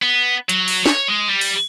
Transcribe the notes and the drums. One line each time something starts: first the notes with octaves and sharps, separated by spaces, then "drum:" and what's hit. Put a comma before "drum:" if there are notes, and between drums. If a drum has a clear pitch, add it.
B3
F#3, drum: hi-hat
drum: open hi-hat
C#5, drum: snare
G#3
G3
drum: open hi-hat